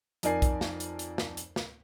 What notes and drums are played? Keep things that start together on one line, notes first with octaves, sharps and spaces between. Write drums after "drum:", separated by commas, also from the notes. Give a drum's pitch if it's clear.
F2 D#4 A#4 D5 G#5 C7, drum: hi-hat
drum: kick B1, hi-hat
drum: snare
drum: hi-hat
drum: hi-hat
drum: snare
drum: hi-hat
drum: snare